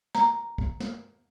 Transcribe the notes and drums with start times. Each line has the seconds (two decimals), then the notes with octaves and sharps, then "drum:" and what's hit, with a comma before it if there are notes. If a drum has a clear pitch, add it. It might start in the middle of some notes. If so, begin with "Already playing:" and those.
0.15 A#5, drum: snare
0.58 drum: kick
0.80 drum: snare